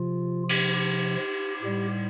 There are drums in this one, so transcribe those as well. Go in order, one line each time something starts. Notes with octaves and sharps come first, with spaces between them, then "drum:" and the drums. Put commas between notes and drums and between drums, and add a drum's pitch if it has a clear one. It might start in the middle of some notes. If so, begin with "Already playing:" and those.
Already playing: C3 F3 F4
G4, drum: cymbal
G4
A2 G3 G4